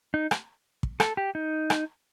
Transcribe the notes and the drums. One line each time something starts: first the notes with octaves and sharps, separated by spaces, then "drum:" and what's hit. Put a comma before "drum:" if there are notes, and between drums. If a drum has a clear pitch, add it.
D#4
drum: rim click
drum: kick
A4, drum: rim click
G4
D#4
drum: rim click